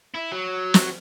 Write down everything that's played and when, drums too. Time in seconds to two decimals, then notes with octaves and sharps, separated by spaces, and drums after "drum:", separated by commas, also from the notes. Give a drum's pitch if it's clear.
0.15 E4
0.32 F#3
0.74 drum: snare